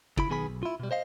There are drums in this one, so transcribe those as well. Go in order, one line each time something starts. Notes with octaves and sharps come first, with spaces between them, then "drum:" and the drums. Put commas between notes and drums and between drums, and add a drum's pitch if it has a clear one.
C#3 E4 B5, drum: kick
B1 D#3 B3 G#4 A#5 B5
B1
E4 F4
B2 G3
C5 D#5 F5